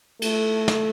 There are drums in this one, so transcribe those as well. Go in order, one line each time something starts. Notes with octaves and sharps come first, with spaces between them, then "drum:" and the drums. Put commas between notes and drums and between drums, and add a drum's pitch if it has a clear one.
A3, drum: cymbal
drum: snare